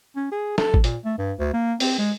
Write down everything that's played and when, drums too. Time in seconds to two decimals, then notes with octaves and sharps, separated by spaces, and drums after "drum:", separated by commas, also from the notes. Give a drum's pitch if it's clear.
0.16 C#4
0.31 G#4
0.58 A4, drum: snare
0.74 drum: kick G#1
0.84 A#2, drum: hi-hat
1.05 A3
1.18 G2
1.39 D2
1.53 A#3
1.80 C4, drum: open hi-hat
1.98 G#3